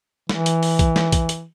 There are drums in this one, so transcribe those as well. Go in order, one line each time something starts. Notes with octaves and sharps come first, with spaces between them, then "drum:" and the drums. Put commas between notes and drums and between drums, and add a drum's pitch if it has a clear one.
E3, drum: snare
drum: hi-hat
drum: open hi-hat
drum: kick A#1, hi-hat
drum: snare
drum: kick A#1, hi-hat
drum: hi-hat